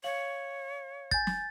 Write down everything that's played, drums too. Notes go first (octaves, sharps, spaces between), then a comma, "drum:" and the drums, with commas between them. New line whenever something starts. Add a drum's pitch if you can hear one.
C#5 F5 F#7
G#5 G6 A6, drum: kick
drum: snare